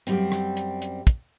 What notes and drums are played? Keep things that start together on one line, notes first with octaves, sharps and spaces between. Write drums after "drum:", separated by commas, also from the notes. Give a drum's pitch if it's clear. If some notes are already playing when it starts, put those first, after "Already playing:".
F#2 G3 C4, drum: hi-hat
drum: rim click
drum: hi-hat
drum: hi-hat
drum: kick, hi-hat